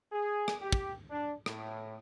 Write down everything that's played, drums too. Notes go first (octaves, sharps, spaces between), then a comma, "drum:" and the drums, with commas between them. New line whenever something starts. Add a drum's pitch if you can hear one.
G#4
drum: rim click
G4
drum: kick
D4
A2, drum: rim click